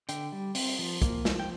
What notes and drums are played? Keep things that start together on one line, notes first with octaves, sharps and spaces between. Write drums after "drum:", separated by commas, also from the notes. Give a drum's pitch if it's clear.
D3 G5, drum: hi-hat
G3
C4, drum: open hi-hat
F3
A#3, drum: kick, hi-hat
F3, drum: snare
G5